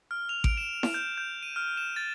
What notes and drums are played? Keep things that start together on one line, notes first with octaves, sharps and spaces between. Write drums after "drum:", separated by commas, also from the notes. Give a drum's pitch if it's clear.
F6
F7
D7, drum: kick A1
E7
drum: snare E4
G6
G6
D#7
F6
E7
A6